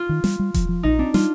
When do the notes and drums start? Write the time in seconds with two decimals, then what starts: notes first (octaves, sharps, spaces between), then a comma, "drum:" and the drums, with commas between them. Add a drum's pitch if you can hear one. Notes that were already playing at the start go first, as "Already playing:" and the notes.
Already playing: F4
0.09 D#3
0.24 G3, drum: snare
0.39 G3
0.54 F3, drum: kick E1, hi-hat
0.69 F3
0.83 A#1 D#4
0.99 C4 D4
1.14 G3 F4, drum: snare